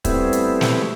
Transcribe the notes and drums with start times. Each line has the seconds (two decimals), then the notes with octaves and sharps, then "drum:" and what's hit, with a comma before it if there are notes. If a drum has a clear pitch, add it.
0.05 G3 A3 B3 C4 E4, drum: kick, hi-hat
0.33 drum: hi-hat
0.61 drum: snare